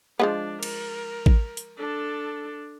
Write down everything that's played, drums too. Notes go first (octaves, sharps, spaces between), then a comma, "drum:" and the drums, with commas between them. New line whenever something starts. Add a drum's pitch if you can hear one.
F3 G#3 B3 D4
A#4, drum: cymbal
drum: kick A1
drum: hi-hat
D4 A4